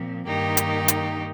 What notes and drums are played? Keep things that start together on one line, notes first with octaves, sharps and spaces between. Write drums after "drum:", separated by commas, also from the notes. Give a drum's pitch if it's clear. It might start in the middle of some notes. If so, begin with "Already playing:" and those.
Already playing: A#2 F3 C4
G2 D#3 A#3 D#4 G4
drum: hi-hat
drum: hi-hat